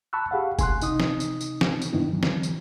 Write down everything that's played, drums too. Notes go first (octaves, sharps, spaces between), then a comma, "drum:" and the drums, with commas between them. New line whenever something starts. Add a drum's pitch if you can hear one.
A5 B5 C#6 E6 F#6
G4 G#4 F5 F#5
G#5 C6 F#6, drum: kick, tambourine
C3 D#4 D#6, drum: tambourine
drum: snare
drum: tambourine
drum: tambourine
drum: snare
drum: tambourine
G2 D#3 B3 D4 E4
D3 E3 F#3
drum: snare
drum: tambourine